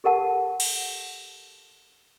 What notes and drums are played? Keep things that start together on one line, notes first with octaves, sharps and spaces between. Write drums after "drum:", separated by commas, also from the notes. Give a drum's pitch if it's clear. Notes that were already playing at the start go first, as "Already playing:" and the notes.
G4 A4 A#4 F#5 A5
drum: cymbal